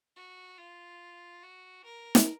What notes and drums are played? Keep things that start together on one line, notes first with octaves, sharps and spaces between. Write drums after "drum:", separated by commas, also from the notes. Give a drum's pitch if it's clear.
F#4
F4
F#4
A#4
drum: snare